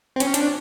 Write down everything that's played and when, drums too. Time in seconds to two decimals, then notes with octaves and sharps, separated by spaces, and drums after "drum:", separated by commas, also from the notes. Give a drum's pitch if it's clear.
0.16 C4
0.20 C#4, drum: hi-hat
0.34 D4, drum: hi-hat